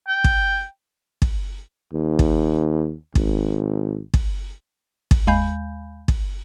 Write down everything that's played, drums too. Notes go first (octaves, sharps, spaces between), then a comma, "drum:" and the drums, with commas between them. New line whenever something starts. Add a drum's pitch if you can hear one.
G5
drum: kick
drum: kick
D#2
drum: kick
G#1, drum: kick
drum: kick
drum: kick
D#2 G#3 F5 G#5 B5 G6
drum: kick